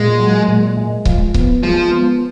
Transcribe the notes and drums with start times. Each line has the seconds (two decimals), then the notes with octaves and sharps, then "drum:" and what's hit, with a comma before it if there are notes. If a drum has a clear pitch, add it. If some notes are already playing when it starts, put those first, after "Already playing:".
Already playing: A#2 G#3
0.20 F#3
0.48 A#2
0.77 G#3
1.05 F3, drum: kick C#1
1.34 B3, drum: kick C#1
1.63 F3 G#3
1.91 B3